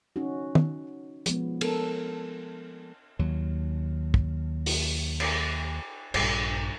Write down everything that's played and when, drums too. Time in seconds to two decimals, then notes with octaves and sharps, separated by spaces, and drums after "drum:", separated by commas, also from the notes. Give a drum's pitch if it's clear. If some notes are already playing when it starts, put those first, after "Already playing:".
0.16 C#4 D#4 F#4
0.55 drum: tom
1.26 F3 G#3 B3, drum: hi-hat
1.61 B3 A4 A#4, drum: cymbal
3.19 D#2 F#3
4.14 drum: kick
4.66 drum: open hi-hat
5.20 drum: cymbal
6.14 A#1 G2, drum: cymbal